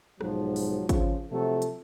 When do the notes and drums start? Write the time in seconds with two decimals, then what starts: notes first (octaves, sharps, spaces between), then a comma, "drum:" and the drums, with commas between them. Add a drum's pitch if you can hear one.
0.21 B1 G#2 F3 F#3, drum: rim click
0.56 drum: open hi-hat
0.89 C#3 F3, drum: kick, hi-hat
1.32 C3 F3 F#3 A3 A4
1.62 drum: hi-hat